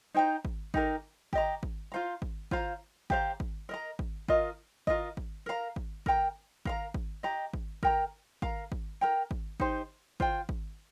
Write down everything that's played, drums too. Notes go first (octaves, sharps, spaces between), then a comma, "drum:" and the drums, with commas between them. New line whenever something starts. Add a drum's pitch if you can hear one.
D#4 C5 G5 A#5
drum: kick
D#4 G4 A#4, drum: kick
G4 D#5 A#5, drum: kick
drum: kick
F4 C5 F5 A#5
drum: kick
F4 C5 F5 A#5, drum: kick
G4 C5 F5 A#5, drum: kick
drum: kick
A#4 D#5 A#5
drum: kick
F4 A#4 D#5, drum: kick
F4 A#4 D#5, drum: kick
drum: kick
A#4 F5 A#5
drum: kick
A#4 G5 A#5, drum: kick
A#4 F5 A#5, drum: kick
drum: kick
G4 D#5 A#5
drum: kick
A#4 G5 A#5, drum: kick
A#4 F5 A#5, drum: kick
drum: kick
A#4 G5 A#5
drum: kick
D#4 G4 C5, drum: kick
F4 C5 G5, drum: kick
drum: kick